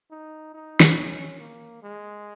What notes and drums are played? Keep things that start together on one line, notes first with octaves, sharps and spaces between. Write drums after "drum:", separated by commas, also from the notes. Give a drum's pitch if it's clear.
D#4
D#4
drum: snare
C#4
A#3
G#3